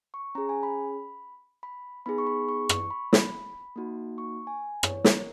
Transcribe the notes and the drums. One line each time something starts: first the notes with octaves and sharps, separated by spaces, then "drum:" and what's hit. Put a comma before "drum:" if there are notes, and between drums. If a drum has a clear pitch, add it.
C#6
C#4 G#4 A#5
G#5
B5
B5
B3 D#4 G#4 B5
C#6
B5
C#6
C#6, drum: rim click
B5
B5, drum: snare
A#3 D#4 F#4
C#6
G#5
C#5, drum: rim click
A#4, drum: snare